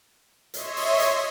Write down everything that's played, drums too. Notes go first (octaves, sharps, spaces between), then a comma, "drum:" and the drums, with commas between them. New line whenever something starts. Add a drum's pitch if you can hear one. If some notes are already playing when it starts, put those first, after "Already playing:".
C#5 D#5 E5 C6, drum: hi-hat
drum: open hi-hat
drum: hi-hat